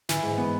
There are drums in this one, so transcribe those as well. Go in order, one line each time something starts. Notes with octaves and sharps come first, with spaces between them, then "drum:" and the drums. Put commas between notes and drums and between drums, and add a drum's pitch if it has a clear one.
E3, drum: snare
G#2
B3